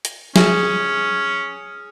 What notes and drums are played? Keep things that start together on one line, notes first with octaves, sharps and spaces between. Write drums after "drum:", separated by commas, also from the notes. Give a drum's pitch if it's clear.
drum: hi-hat
C#4 G#4, drum: snare